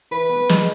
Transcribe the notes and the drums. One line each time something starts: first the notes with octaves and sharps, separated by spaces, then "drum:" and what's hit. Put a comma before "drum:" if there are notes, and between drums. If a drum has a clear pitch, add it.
E3 B4
B3
G#3, drum: snare